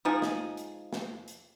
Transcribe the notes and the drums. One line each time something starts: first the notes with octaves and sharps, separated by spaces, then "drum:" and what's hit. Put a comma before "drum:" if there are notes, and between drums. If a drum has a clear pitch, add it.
F3 G#3 D#4 G#4
drum: snare
drum: hi-hat
drum: snare
drum: hi-hat